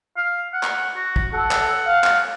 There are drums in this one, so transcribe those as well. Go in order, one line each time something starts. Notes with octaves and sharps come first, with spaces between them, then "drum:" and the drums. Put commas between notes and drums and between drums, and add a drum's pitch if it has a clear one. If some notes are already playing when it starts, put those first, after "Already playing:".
F5
F#5
drum: clap
F#4
drum: kick
A4 F#5
drum: clap
F5
drum: clap